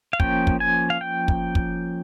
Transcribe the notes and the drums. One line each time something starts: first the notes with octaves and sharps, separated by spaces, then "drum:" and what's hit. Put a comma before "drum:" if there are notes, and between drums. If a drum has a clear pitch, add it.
F5
F3 A#3 C#4 G5, drum: kick
drum: kick
G#5
F5
G5
drum: kick
drum: kick